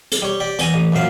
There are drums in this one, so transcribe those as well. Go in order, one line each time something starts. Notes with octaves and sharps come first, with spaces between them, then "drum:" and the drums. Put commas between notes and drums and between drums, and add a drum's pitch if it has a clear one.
drum: hi-hat
G3 C#5
G4 D5
E2 G#5 A#5, drum: hi-hat
A1
A#1 F#2 F#3 F5